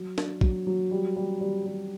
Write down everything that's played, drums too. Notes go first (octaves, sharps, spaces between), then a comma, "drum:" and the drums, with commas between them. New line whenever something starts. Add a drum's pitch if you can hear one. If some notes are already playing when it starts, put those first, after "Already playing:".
Already playing: F#3
D4, drum: snare
F#3, drum: kick A#1
F#3
G3
G3
G3
G3